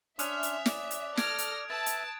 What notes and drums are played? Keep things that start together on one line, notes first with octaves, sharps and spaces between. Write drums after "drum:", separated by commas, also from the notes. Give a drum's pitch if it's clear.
C#4 D4 E5 C6 D#6 F#6 F7, drum: hi-hat
drum: hi-hat
D5, drum: snare
drum: hi-hat
A4 F6 G#6 A#6 D7, drum: snare
drum: hi-hat
B4 E5 A5 A6
drum: hi-hat